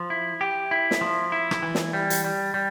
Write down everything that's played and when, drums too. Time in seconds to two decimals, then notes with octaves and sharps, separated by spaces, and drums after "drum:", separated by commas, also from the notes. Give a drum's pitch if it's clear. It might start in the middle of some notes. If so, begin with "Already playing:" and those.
Already playing: F3
0.10 E4
0.41 G4
0.71 E4
0.91 drum: snare
1.01 F3
1.32 E4
1.51 drum: rim click
1.63 E3
1.75 drum: snare
1.93 G3
2.10 drum: hi-hat
2.24 G3
2.54 G3